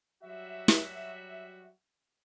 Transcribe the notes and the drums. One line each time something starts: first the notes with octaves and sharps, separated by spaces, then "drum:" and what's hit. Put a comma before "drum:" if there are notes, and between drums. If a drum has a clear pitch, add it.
F#3 G3 F#4 E5
drum: snare